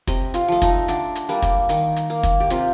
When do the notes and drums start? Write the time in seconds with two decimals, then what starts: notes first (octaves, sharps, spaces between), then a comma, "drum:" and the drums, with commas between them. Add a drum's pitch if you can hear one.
0.07 C3 D#5, drum: kick, hi-hat
0.34 F4, drum: hi-hat
0.48 F3 A3
0.62 D#4, drum: kick, hi-hat
0.88 D3 D4, drum: hi-hat
1.15 drum: hi-hat
1.29 G3 A#3 D4
1.42 drum: kick, hi-hat
1.69 D#3 D#4, drum: hi-hat
1.96 drum: hi-hat
2.10 A#3
2.23 drum: kick, hi-hat
2.40 G4
2.50 C3 F4, drum: hi-hat